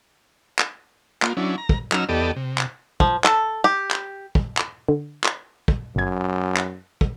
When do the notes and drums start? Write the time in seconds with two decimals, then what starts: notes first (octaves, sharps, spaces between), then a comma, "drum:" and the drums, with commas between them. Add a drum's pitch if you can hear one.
0.59 drum: clap
1.23 A#3 F4, drum: clap
1.37 F#3 C#4 D4 E4
1.58 A#5
1.69 drum: kick
1.92 F#3 C#4 D#4 A#5 E6 F6, drum: clap
2.09 E2 B3 G4 A4 D5 D#5
2.36 C3
2.58 drum: clap
3.00 F3, drum: kick
3.24 A4, drum: clap
3.64 G4
3.91 drum: clap
4.35 drum: kick
4.57 drum: clap
4.89 D3
5.24 drum: clap
5.68 drum: kick
5.96 G1 F#2 G#6
6.57 drum: clap
7.01 drum: kick